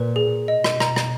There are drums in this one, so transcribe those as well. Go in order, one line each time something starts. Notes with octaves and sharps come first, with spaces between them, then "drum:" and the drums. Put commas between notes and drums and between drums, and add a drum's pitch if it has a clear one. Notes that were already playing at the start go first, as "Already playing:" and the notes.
Already playing: A#2 B4
G#4
B2 D#5
drum: rim click
A#5, drum: rim click
drum: rim click